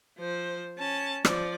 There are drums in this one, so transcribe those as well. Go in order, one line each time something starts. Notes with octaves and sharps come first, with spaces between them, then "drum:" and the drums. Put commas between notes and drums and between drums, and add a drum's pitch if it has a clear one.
F3 C5
C#4 A5
F3 D5, drum: rim click